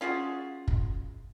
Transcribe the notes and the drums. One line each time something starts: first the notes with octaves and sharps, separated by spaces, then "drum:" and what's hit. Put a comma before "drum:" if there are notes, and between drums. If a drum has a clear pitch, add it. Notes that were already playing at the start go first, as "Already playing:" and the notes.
C#4 F4 F#4 G#4
drum: kick